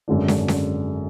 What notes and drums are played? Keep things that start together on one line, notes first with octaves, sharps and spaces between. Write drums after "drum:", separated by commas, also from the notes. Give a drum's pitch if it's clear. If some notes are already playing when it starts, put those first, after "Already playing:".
G#1 F#2 D3 G#3 D4
drum: snare
drum: snare